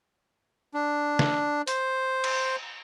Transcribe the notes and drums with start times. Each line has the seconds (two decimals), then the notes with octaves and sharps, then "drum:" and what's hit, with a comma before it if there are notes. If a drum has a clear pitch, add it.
0.74 D4
1.19 drum: snare
1.67 C5, drum: hi-hat
2.24 drum: cymbal